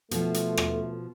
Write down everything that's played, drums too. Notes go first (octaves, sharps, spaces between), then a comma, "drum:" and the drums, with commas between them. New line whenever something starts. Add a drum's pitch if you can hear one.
B2 F3 A3, drum: hi-hat
drum: hi-hat
drum: rim click